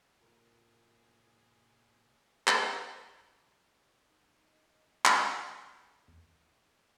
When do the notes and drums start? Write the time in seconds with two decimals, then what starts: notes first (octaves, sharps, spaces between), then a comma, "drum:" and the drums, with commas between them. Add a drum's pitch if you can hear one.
0.21 A2 C3 A#3 F4 G#4 A#4
2.48 drum: clap
4.09 D#4
4.45 D#5
5.05 drum: clap
6.08 E2